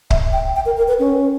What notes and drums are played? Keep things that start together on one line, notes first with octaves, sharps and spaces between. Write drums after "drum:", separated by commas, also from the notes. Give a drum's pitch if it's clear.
E5, drum: kick C#1
G5
G5
A#4
A#4
B4
C#4